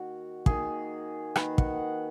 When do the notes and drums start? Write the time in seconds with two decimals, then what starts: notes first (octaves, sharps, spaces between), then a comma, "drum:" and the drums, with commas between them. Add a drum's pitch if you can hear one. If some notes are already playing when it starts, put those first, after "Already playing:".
Already playing: D#3 A#3 F#4
0.46 D#3 A#3 G#4, drum: kick
1.36 D#3 A#3 B4, drum: rim click
1.58 F#5, drum: kick